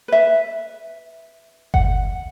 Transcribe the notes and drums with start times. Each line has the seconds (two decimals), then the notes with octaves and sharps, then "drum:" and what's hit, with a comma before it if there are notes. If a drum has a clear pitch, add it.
0.08 B4 E5
1.74 F#5, drum: kick G1